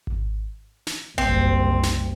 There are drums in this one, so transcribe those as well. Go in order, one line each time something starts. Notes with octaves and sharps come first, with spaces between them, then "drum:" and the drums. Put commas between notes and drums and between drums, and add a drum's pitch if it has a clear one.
drum: kick G#1
drum: snare
F#1 C2 C4, drum: kick G#1
drum: snare